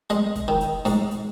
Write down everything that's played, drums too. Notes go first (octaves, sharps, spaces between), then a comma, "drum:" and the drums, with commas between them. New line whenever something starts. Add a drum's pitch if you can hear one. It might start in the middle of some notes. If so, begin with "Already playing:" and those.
G#3 D#5, drum: hi-hat
drum: kick, hi-hat
D#3
drum: hi-hat
G#2, drum: open hi-hat
drum: hi-hat